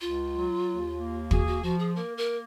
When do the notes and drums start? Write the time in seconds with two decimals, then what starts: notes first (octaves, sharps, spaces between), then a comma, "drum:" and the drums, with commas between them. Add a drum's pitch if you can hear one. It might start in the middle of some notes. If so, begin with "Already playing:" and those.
0.01 C#2 F4
0.34 F#3
0.67 D#2
0.98 A#3
1.31 F#4 G#4, drum: kick
1.47 F#4
1.63 F3 F#4
1.79 G#4
1.96 A#3 A#4
2.17 A#4